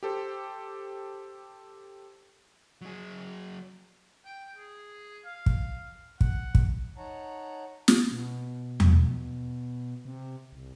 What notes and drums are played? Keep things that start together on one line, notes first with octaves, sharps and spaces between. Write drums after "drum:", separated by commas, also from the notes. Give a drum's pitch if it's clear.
G4 A4 C5
F#3 G#4
G5
G#4
F5
drum: kick
F#5, drum: kick
drum: kick
D#4 C#5 F#5 A5 A#5
drum: snare
B2
drum: tom E2
C3
C2